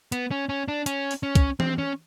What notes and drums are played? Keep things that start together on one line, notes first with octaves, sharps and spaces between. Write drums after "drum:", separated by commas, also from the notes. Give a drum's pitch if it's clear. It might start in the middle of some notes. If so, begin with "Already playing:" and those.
B3, drum: hi-hat
C#4
C#4
D4
C#4, drum: hi-hat
drum: open hi-hat
C#4
drum: kick, hi-hat
C4, drum: tom E3
C#4